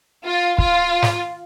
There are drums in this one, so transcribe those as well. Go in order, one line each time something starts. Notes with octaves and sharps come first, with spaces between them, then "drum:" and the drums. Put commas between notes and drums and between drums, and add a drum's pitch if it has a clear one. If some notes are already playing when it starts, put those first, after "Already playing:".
F4
F4, drum: kick
drum: snare